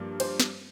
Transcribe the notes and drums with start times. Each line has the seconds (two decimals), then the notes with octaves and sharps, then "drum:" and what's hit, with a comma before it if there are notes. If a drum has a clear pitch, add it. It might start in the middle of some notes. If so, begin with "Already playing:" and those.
Already playing: G2 F3 A#3
0.20 C5, drum: cymbal
0.40 drum: snare